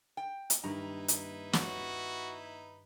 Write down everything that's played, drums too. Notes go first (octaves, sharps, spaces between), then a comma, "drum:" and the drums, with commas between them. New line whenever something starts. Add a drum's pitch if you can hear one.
G5
drum: hi-hat
G2 D#3 A#3 D#4 E4 B4 A#5
drum: hi-hat
F#4, drum: snare